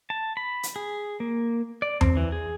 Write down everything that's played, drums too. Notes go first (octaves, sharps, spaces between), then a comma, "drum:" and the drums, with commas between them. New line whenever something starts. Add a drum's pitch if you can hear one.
A5
B5
drum: hi-hat
G#4
A#3
D5
C4, drum: tom E2
E3
G#4